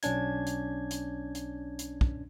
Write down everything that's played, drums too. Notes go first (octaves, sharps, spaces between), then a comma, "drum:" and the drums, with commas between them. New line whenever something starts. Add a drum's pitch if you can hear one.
B1 C#4 D4 G#6, drum: hi-hat
drum: hi-hat
drum: hi-hat
drum: hi-hat
drum: hi-hat
drum: kick